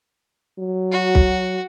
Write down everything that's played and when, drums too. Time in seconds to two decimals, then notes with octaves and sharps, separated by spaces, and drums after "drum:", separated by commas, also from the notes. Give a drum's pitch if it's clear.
0.59 F#3
0.91 F#4
1.15 drum: kick